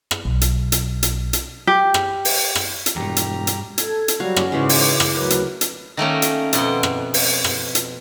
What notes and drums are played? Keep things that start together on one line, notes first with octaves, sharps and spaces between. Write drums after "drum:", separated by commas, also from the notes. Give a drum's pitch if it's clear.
drum: rim click
B1
drum: hi-hat
drum: hi-hat
drum: hi-hat
drum: hi-hat
G4
drum: rim click
drum: open hi-hat
drum: rim click
drum: hi-hat
E1 E2 G2 G4 A#5
drum: hi-hat
drum: hi-hat
A4 G#6, drum: hi-hat
drum: hi-hat
F#3 G3 F#4 F5
C#4 F#4 D6, drum: rim click
G#2 C#3 E3 G#3 C#4
drum: open hi-hat
drum: rim click
D2 F#3 A#4 B4
drum: hi-hat
drum: hi-hat
D#3 A3 A#3 C#4
drum: hi-hat
F2 B2 F#5 C6, drum: hi-hat
drum: rim click
drum: open hi-hat
drum: rim click
drum: hi-hat